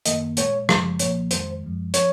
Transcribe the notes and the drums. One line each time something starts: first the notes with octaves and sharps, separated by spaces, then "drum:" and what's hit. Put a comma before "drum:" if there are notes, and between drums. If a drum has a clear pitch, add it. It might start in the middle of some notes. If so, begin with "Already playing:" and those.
F#2 D#3 A#3 D#5, drum: hi-hat
A#2 G#3 C#5, drum: hi-hat
F#2 C#3 F3 G#3, drum: rim click
C2 A#2 F3 A#3 C#5, drum: hi-hat
F2 D#3 G#3 C5, drum: hi-hat
F#2 F3 G#3
F3 C#5, drum: hi-hat